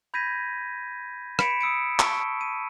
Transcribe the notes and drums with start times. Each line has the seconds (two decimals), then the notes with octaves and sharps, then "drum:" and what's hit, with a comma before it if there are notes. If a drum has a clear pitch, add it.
0.14 B5 G6 G#6 A#6 B6 D#7
1.39 B5 B6 C#7 D7 E7, drum: rim click
1.61 D#6 E6 C#7 D7
2.00 A5 C#6 E6, drum: clap
2.41 D#7